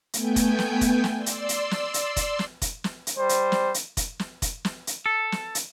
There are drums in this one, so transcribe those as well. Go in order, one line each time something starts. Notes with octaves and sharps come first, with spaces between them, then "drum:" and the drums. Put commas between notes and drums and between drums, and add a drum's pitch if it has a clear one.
A3 B3 G5 G#5 G6, drum: hi-hat
drum: kick F1, hi-hat
drum: snare
drum: kick F1, hi-hat
drum: snare
D5 C6 E6
drum: hi-hat
drum: hi-hat
drum: snare
drum: hi-hat
drum: kick F1, hi-hat
drum: snare
drum: kick F1, hi-hat
drum: snare
drum: hi-hat
G3 C5
drum: hi-hat
drum: snare
drum: hi-hat
drum: kick F1, hi-hat
drum: snare
drum: kick F1, hi-hat
drum: snare
drum: hi-hat
A4
drum: snare
drum: hi-hat